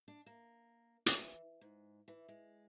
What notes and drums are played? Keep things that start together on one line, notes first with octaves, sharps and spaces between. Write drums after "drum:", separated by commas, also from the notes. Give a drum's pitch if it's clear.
D4
A#3
E3, drum: hi-hat
G#2
E3
G#3